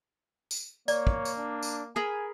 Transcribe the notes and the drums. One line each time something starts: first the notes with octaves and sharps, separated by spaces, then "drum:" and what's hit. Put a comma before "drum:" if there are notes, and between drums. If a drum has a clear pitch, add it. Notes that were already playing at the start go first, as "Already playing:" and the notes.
drum: tambourine
A#3 C#5 D5, drum: tambourine
drum: kick
drum: tambourine
D4
drum: tambourine
G#4 A#4 G#5 B5